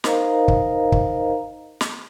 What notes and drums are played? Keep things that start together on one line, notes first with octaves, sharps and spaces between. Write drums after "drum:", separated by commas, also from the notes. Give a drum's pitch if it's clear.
D#4 A#4 C5 D#5 F5 A#5, drum: snare
drum: kick
drum: kick
drum: snare